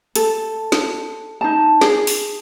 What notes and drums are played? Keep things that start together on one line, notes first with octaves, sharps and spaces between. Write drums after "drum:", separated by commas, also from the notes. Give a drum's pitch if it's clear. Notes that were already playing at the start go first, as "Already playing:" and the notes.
A4, drum: hi-hat
drum: snare
D#4 A5
G#4, drum: snare
drum: open hi-hat